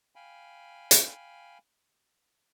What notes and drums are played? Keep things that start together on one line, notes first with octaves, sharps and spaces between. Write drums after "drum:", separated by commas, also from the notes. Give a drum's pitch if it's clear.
F5 G5 G#5 B5
drum: hi-hat